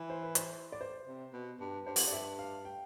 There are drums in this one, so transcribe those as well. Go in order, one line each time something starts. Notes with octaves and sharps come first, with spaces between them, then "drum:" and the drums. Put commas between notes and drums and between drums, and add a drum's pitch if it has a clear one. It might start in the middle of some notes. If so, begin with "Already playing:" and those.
Already playing: E3
C5
B4
C5, drum: hi-hat
D5
C5
C3
B2
G2
G2 C5
F2, drum: open hi-hat
G2 D5
E5
F5
G5